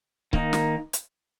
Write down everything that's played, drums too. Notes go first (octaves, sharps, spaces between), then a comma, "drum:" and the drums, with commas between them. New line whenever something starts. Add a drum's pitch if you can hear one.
D#3 A#3 D#4, drum: kick C#1
drum: snare
drum: hi-hat